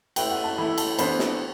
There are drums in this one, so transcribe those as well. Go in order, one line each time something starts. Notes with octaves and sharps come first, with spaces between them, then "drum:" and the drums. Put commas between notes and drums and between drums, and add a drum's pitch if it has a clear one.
A3 E4 B4 G5, drum: cymbal
F#5
A5
E3 A3 E4 A4 B5
A5, drum: cymbal
E3 B3 D4 A4 C5 B5, drum: cymbal
drum: snare